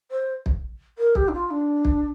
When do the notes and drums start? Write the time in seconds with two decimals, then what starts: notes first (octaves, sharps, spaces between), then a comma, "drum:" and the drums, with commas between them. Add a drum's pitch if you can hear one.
0.11 C5
0.46 drum: kick
0.98 A#4
1.15 G4, drum: kick
1.28 D4
1.33 F4
1.50 D4
1.85 drum: kick